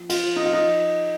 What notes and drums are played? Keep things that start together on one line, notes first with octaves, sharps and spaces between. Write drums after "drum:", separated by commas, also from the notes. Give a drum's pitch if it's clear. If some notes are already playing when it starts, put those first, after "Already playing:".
Already playing: F3
F4, drum: cymbal
F3
D#4
F4
D#4
F3